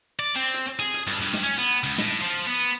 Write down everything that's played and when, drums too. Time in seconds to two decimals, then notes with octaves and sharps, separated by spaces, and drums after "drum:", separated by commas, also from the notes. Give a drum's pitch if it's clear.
0.19 D5
0.36 C4
0.54 drum: hi-hat
0.79 G#4, drum: hi-hat
0.94 drum: hi-hat
1.07 G2, drum: hi-hat
1.21 G2, drum: hi-hat
1.34 drum: snare
1.43 C#4
1.57 B3, drum: hi-hat
1.83 C#2
1.98 A2, drum: snare
2.22 F3
2.46 B3